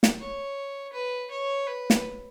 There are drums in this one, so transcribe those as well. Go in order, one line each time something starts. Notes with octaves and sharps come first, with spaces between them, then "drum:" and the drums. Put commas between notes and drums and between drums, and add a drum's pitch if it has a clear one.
drum: snare
C#5
B4
C#5
B4
drum: snare